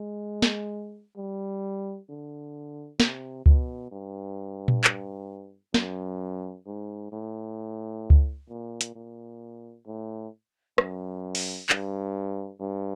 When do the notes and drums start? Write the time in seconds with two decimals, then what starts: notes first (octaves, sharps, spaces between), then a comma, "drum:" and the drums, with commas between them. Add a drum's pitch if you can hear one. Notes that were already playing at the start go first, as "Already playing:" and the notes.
Already playing: G#3
0.42 drum: snare
1.17 G3
2.09 D3
3.00 C3, drum: snare
3.46 B2, drum: kick C#2
3.91 G2
4.68 drum: tom A#2
4.84 drum: clap
5.74 F#2, drum: snare
6.67 G#2
7.12 A2
8.10 drum: kick C#2
8.49 A#2
8.81 drum: hi-hat
8.95 A#2
9.86 A2
10.78 F#2, drum: rim click
11.35 drum: open hi-hat
11.69 G2, drum: clap
12.60 G2